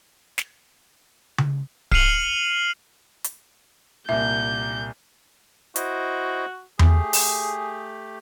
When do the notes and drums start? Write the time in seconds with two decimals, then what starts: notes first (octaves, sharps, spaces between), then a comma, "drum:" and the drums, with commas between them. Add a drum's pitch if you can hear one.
0.38 drum: snare
1.38 drum: tom C#3
1.91 F6 C7 C#7 D#7 F7 F#7, drum: kick D1
3.24 drum: hi-hat
4.09 C2 A#2 E5 G6
5.76 E4 F#4 C5 D#5, drum: hi-hat
6.79 A3 G4 G#4, drum: tom E2
7.13 drum: open hi-hat